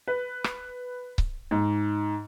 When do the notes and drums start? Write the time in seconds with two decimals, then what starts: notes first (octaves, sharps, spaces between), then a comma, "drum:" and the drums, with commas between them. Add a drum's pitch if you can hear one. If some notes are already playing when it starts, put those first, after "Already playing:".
0.07 B4
0.44 drum: rim click
1.18 drum: kick C#1
1.51 G#2